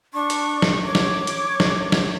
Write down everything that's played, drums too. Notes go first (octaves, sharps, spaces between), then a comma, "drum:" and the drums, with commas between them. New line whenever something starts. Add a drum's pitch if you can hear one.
D4 C#6
drum: hi-hat
drum: snare
C#5 D6
drum: snare
drum: hi-hat
drum: snare
drum: snare